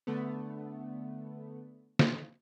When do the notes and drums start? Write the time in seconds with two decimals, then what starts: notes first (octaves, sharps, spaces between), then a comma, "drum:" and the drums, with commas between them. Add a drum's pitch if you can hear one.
0.07 D3 A3 B3
1.99 drum: snare